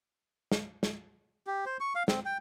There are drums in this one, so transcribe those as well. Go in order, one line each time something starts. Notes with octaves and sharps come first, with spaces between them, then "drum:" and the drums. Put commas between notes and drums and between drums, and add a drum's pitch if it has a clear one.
drum: snare
drum: snare
G4
C5
C#6
F5
C4, drum: snare
G5